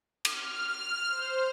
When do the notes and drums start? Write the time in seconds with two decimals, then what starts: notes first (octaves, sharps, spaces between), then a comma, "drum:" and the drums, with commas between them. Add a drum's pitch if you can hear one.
0.25 F6, drum: cymbal
1.09 C5